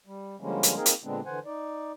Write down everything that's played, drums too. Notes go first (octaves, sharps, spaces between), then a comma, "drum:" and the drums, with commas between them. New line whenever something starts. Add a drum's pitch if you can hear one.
G3
D3 F3 G3 G#3 A#3 C#4
drum: hi-hat
A#3 C4 D#4 G#4 A#4 D#5
drum: hi-hat
A#2 D3 G#3 B3 C4 D4
D3 E3 C5 F#5 G#5
D#4 D5